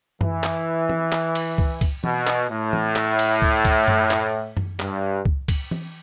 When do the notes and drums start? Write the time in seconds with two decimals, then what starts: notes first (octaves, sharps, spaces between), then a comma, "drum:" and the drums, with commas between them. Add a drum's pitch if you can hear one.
0.21 E3, drum: tom F#2
0.44 drum: clap
0.89 drum: tom E3
1.12 drum: clap
1.35 drum: cymbal
1.58 drum: kick
1.81 drum: kick, cymbal
2.04 B2, drum: tom E3
2.27 drum: clap
2.50 A2
2.73 drum: tom E3
2.96 drum: clap
3.19 drum: cymbal
3.42 drum: kick
3.65 drum: kick, cymbal
3.88 drum: tom F#2
4.11 drum: clap
4.57 drum: tom F#2
4.80 G2, drum: clap
5.25 drum: kick
5.48 drum: kick, cymbal
5.71 drum: tom E3